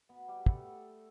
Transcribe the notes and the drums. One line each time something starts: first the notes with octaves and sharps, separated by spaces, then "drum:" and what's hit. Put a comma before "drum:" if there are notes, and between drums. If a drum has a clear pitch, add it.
B2 B3 B4
G3 G4
B4
A3 B3 A4, drum: kick